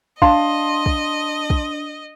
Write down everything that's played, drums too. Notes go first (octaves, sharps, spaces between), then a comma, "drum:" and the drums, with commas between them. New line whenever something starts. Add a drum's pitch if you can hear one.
D4 D#5 F5 A5 C6, drum: kick
drum: kick
drum: kick